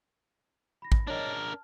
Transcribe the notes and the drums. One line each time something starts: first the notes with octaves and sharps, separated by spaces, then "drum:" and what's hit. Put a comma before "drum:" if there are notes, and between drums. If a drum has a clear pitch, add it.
B5 A#6
drum: kick A1
D4 A#4 C#5 D#5 A6
A5 F6